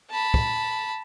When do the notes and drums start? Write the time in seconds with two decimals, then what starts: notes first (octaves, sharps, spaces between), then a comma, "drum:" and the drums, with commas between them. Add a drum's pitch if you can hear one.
0.10 A5 B5
0.34 drum: kick